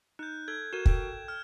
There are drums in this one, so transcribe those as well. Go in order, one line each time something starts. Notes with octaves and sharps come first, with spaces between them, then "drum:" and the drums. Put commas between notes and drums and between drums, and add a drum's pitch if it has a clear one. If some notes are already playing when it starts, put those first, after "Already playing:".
D#4 F#6 G6
A4 G#6
F#4 A#4 E7
A4 G5, drum: kick
F6